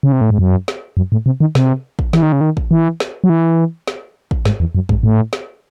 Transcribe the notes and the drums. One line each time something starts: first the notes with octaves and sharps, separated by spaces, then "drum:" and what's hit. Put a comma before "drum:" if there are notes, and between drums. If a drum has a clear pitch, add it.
C#3
C3
A2
G#2
F#2
drum: snare
F#2
A2
C3
D#3
C3, drum: snare
drum: kick
E3, drum: snare
D#3
C#3
D#3
drum: kick
E3
drum: snare
F#3
E3
drum: snare
drum: kick
G#2, drum: snare
E2
F#2
G#2, drum: kick
A2
drum: snare